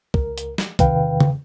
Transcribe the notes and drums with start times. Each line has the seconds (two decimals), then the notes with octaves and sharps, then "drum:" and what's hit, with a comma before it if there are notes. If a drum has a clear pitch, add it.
0.14 C#2 A#4, drum: kick
0.38 drum: hi-hat
0.58 drum: snare
0.79 E2 C3 D#3 B4 F5 G5, drum: kick, hi-hat
1.20 drum: tom C#3